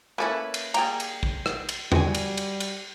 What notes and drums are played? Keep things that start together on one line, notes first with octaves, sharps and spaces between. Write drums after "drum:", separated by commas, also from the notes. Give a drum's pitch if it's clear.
A#3 C#4 E4 A4 B4
drum: cymbal
G3 A#3 G#4 G5 A#5, drum: cymbal
drum: cymbal
drum: kick A#1
drum: rim click
drum: cymbal
G3 F#4 G#5, drum: tom E2
drum: cymbal
drum: cymbal
drum: cymbal